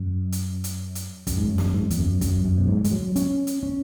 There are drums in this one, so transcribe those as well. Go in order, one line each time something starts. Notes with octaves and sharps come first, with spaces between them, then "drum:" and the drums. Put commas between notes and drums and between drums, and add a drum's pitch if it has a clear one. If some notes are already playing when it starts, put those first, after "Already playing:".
Already playing: F#2
drum: hi-hat
drum: hi-hat
drum: hi-hat
F#2, drum: kick, hi-hat
G#2
F#2
drum: snare
G#2
F#2
E2, drum: hi-hat
F#2
F#2, drum: kick, hi-hat
F#2
B2
G#2
G#3, drum: hi-hat
F#3
C#4, drum: hi-hat
drum: hi-hat
C#4